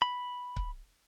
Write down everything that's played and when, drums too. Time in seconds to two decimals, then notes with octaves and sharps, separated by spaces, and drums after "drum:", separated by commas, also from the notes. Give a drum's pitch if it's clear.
0.02 B5
0.56 drum: kick C#1